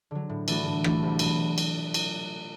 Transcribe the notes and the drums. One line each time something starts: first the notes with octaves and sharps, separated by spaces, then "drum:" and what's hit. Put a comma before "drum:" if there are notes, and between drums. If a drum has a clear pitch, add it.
D3 F#3
A2
E3 A3 D4 F#4, drum: cymbal
A2
E3 A3 D4 F#4, drum: rim click
C2
B2 F#3 B3 F#4, drum: cymbal
drum: cymbal
drum: cymbal